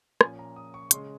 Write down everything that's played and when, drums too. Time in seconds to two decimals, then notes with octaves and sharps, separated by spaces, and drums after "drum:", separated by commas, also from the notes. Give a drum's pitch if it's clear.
0.21 A#2 F3 A#3 C#4 G#5, drum: rim click
0.39 A#5
0.56 D#6
0.74 C#6
0.91 C#3 G#3 C#4 C6, drum: hi-hat